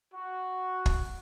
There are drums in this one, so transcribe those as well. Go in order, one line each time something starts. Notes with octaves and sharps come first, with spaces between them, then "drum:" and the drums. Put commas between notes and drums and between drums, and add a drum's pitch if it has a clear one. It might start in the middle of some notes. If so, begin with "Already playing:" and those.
F#4
drum: kick